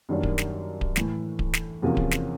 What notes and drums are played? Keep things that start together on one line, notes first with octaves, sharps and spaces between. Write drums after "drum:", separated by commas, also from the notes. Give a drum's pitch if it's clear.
F#2 D#3 G3 A#3 D4
drum: kick D1
drum: snare
drum: kick D1
A2 E3 A3, drum: snare
drum: kick D1
drum: snare
E2 C3 F3 A#3 C#4
drum: kick D1
drum: snare